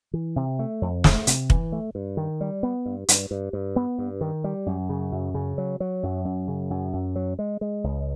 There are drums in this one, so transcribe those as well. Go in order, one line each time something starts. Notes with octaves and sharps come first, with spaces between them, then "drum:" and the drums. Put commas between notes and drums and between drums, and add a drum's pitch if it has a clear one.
E3
C3
A3
F2
A3, drum: snare
C3, drum: hi-hat
E3, drum: kick
A3
G2
D#3
G3
B3
G2
G2, drum: hi-hat
G2
G2
B3
G2
D#3
G3
F#2
C#3
F#2
C#3
F#3
F#3
F#2
F#2
C#3
F#2
F#2
F#3
G#3
G#3
C#2